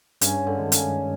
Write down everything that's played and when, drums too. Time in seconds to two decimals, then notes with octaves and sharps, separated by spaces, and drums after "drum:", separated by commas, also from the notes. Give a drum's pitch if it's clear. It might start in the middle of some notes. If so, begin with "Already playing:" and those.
0.21 G2 C#3, drum: hi-hat
0.47 D3
0.59 D#3 G#3
0.72 C#3, drum: hi-hat